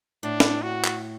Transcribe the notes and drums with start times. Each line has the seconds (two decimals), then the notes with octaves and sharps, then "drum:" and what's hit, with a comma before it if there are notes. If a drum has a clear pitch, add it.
0.23 A2 D4
0.40 drum: snare
0.62 F#4
0.85 drum: clap